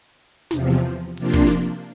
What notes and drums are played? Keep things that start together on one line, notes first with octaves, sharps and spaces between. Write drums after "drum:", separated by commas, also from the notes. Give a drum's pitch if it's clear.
E2 C3 F3, drum: snare
C3 F3 A#3 D4 F4, drum: hi-hat
drum: kick
drum: snare